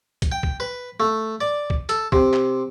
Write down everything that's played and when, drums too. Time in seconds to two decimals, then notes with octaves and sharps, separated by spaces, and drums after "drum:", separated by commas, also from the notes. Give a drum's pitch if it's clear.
0.22 drum: kick, hi-hat
0.32 G5
0.43 drum: kick
0.60 B4
1.00 A3
1.41 D5
1.70 drum: kick
1.89 A4, drum: hi-hat
2.12 C3, drum: kick
2.33 drum: clap